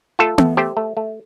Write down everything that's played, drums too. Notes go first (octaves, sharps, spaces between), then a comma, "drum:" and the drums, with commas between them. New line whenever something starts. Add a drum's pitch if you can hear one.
A3 F4 A4
A3, drum: tom B3
A3 G4 C5
A3
A3